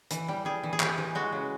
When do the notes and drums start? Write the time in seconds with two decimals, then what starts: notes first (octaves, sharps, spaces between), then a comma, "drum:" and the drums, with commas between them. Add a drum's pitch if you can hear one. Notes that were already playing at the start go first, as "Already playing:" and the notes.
0.11 E3, drum: hi-hat
0.28 G3
0.45 G3 G#4
0.63 E3
0.73 G#4
0.80 E3 G4, drum: clap
0.98 E3
1.15 G#3 F#4
1.32 C#3